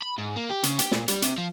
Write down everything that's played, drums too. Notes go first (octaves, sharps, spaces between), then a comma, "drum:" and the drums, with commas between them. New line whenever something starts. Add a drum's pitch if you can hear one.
B5
G#2
A#3
G4
C#3, drum: hi-hat
G4, drum: hi-hat
A#2, drum: snare
G3, drum: hi-hat
C3, drum: hi-hat
F3